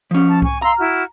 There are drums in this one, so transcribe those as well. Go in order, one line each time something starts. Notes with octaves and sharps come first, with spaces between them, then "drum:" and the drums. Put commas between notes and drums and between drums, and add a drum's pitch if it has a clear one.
F3 C#4
A5
G#5 C#6, drum: kick C2
F5 A#5 C6 E6
E4 F#4 F6